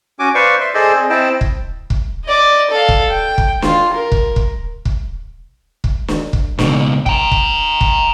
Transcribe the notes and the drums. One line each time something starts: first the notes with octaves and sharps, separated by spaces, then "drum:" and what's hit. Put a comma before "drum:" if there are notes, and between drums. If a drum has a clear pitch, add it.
C#4 F#4 G#5 D6
B4 C5 D5 F5 C#6
E5 C6
G#4 A4 C5 D5 D#5
C4 G#4
C4 E4 C5 D#5 G5 A5
drum: kick
drum: kick
D5 D#5
A4 F5
drum: kick
G5
drum: kick
F4, drum: snare
A#4
drum: kick
drum: kick
drum: kick
drum: kick
drum: snare
drum: kick
C#2 B2, drum: snare
G5 A#5, drum: kick
drum: kick
drum: kick